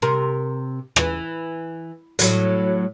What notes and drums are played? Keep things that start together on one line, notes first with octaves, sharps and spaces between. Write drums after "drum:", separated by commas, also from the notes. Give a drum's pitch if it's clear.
C3 A#4
E3, drum: rim click
A2 F#3, drum: hi-hat